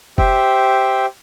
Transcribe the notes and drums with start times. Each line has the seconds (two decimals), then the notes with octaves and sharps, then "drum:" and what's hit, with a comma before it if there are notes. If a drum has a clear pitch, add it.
0.18 G4 C5 E5 G5, drum: kick F#1